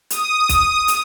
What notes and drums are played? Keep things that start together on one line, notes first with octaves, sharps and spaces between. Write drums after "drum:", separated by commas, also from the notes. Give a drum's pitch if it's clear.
D#6, drum: hi-hat
drum: kick B1, hi-hat
drum: hi-hat